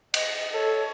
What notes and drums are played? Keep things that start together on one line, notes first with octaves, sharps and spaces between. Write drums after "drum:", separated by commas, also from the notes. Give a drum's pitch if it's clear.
D#5, drum: cymbal
A4 C#5